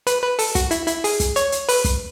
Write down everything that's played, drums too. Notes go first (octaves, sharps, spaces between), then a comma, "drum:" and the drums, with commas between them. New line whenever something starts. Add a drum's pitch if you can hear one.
B4, drum: hi-hat
B4
A4, drum: open hi-hat
F#4, drum: kick, hi-hat
E4, drum: hi-hat
E4, drum: hi-hat
G#4, drum: open hi-hat
drum: kick, hi-hat
C#5, drum: hi-hat
drum: hi-hat
B4, drum: open hi-hat
drum: kick, hi-hat